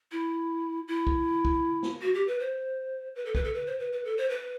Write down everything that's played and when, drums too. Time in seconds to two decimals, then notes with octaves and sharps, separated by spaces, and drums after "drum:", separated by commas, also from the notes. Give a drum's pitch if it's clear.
0.12 E4
0.88 E4
1.07 drum: kick
1.45 drum: kick
1.83 drum: snare
2.01 F#4
2.14 G4
2.27 B4
2.40 C5
3.16 B4
3.25 A4
3.35 B4, drum: kick
3.44 A4
3.54 B4
3.67 C5
3.79 B4
3.92 B4
4.05 A4
4.17 C5
4.30 B4